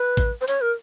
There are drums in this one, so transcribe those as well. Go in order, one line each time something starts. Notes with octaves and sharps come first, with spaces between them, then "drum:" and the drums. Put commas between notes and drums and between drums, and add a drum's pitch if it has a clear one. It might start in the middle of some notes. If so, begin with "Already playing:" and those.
Already playing: B4
drum: kick A1, hi-hat
C5
C#5, drum: hi-hat
A#4